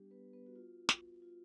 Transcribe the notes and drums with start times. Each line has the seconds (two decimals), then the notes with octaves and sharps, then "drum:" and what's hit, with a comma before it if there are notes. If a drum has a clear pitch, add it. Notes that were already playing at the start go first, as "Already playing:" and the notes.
Already playing: G3 B3 D4 G4
0.11 B3 B4
0.33 B3 B4
0.46 F#4
0.56 F4
0.89 F4, drum: snare
1.22 F4